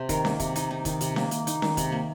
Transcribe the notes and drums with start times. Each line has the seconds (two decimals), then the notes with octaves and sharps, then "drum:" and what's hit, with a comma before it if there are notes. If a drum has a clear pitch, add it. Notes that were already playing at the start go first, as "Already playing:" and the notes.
Already playing: C3 C5
0.09 D#3 A#4, drum: kick, hi-hat
0.25 A#3, drum: snare C#4
0.40 C3, drum: kick, hi-hat
0.56 D#4, drum: hi-hat
0.71 D#4
0.85 D#3, drum: kick, hi-hat
1.01 C3, drum: hi-hat
1.16 A#3, drum: snare C#4
1.31 A#3, drum: hi-hat
1.47 D#4, drum: hi-hat
1.62 D#3, drum: snare C#4
1.77 C3, drum: kick, hi-hat
1.92 A#3